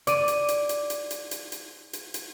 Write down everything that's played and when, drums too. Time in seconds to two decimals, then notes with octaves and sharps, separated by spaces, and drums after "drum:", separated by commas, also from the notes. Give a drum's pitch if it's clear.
0.07 D5 D#7, drum: hi-hat
0.28 drum: hi-hat
0.48 drum: hi-hat
0.69 drum: hi-hat
0.90 drum: hi-hat
1.11 drum: hi-hat
1.31 drum: hi-hat
1.52 drum: hi-hat
1.93 drum: hi-hat
2.14 drum: hi-hat